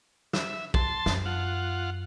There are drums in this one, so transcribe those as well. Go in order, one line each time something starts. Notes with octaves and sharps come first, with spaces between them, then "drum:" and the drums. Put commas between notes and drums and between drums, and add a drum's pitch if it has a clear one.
E5, drum: snare
A5 C6, drum: kick
F#2, drum: snare
F4 F#5